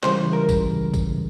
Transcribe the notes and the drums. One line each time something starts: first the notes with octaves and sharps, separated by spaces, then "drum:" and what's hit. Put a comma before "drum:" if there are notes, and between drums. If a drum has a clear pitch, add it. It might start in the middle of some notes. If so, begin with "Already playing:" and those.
C#2 C#3 E3 G3 C5, drum: clap
A#4
drum: kick, tambourine
drum: kick, tambourine